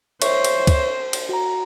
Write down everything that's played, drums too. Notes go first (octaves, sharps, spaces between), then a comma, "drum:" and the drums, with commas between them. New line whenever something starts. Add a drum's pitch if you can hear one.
C5 C#5 E5 C#6, drum: cymbal
drum: cymbal
drum: kick, cymbal
drum: cymbal
F#4 A#5